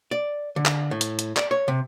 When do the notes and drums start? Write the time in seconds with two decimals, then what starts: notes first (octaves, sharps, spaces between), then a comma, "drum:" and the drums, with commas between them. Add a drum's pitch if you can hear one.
0.11 D5
0.56 D3
0.65 drum: clap
0.91 A2
1.01 drum: hi-hat
1.19 drum: hi-hat
1.36 D5, drum: clap
1.51 C#5
1.68 C3